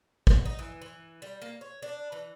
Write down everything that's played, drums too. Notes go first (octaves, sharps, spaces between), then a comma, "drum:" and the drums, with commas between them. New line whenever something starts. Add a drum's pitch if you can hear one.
F#3, drum: kick
D#4
E3
E3
G3
A#3
C#5
D4
E3